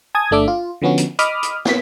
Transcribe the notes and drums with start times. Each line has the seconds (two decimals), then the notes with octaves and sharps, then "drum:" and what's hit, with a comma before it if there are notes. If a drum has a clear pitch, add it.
0.15 G#5 A5 D#6 G#6
0.31 G1 A3 D4 E5 D6
0.48 F4
0.82 D3 F3 B3 C#4 F#4
0.98 drum: hi-hat
1.19 D#5 B5 D6 D#6 F6, drum: hi-hat
1.43 drum: hi-hat
1.65 B3 B6, drum: snare